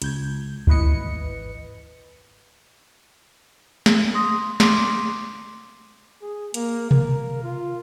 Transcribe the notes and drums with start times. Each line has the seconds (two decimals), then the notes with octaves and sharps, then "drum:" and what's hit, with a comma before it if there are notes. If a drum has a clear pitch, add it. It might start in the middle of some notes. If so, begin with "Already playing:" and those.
0.02 C#2 G6 G#6, drum: hi-hat
0.67 G#1 E3 B4 D#5 C#7, drum: kick C#2
3.86 drum: snare
4.14 C6 D#6 A#6
4.60 C6 D6, drum: snare
6.22 G#4
6.54 A#3, drum: hi-hat
6.91 A#4, drum: tom B2
7.43 F4